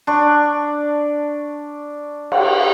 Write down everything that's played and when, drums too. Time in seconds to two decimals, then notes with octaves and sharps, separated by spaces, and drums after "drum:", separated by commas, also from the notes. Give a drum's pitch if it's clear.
0.07 D4 C#6
2.32 drum: cymbal